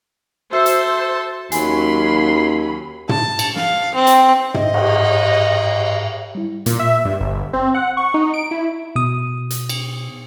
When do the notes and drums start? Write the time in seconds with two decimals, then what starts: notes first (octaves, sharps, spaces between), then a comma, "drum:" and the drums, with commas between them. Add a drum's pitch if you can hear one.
0.52 F#4 A4 C5 E5 E6
0.66 drum: hi-hat
1.52 D#2 F#3 C#4 G#5 B5 C6, drum: hi-hat
3.09 A5, drum: tom
3.39 drum: cymbal
3.56 F5, drum: snare
3.95 C4
4.07 drum: hi-hat
4.54 G#2 D#5 E5, drum: tom
4.74 drum: cymbal
6.35 G3 E4
6.66 A#2, drum: hi-hat
6.79 E5
7.05 G2
7.21 G1
7.53 C4
7.74 F#5
7.97 C#6
8.14 D#4
8.34 D7
8.51 E4
8.96 B2 D#6
9.50 drum: hi-hat
9.69 drum: cymbal